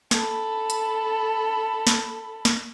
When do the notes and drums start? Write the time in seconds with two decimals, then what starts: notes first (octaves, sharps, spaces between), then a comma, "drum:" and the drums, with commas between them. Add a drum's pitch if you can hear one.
0.11 A4 B5, drum: snare
0.70 drum: hi-hat
1.87 drum: snare
2.45 drum: snare